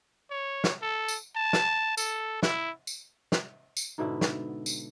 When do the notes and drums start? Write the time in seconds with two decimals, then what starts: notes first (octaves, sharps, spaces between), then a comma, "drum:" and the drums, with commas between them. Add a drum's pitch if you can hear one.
0.31 C#5
0.64 drum: snare
0.82 A4
1.08 drum: tambourine
1.36 A5
1.53 drum: snare
1.97 A4, drum: tambourine
2.43 E4, drum: snare
2.87 drum: tambourine
3.32 drum: snare
3.77 drum: tambourine
3.98 G#2 B2 D3 E4
4.21 drum: snare
4.66 drum: tambourine